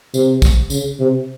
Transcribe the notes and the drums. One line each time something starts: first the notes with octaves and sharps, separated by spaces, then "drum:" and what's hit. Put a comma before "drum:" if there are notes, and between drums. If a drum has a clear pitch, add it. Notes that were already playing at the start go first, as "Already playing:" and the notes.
C3, drum: tambourine
drum: kick, tambourine
C#3, drum: tambourine
C3